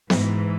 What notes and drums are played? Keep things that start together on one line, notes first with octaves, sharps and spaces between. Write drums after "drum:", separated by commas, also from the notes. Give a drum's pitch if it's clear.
G#2 E3, drum: snare B3